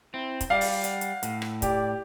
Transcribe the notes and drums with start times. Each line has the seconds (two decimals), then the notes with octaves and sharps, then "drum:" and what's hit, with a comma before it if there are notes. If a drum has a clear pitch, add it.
0.14 C4 E4
0.41 drum: kick, hi-hat
0.50 G3 D5 F5
0.61 drum: open hi-hat
0.84 F#5, drum: hi-hat
1.01 drum: hi-hat
1.23 A2, drum: hi-hat
1.42 drum: rim click
1.62 G4 D5, drum: kick, hi-hat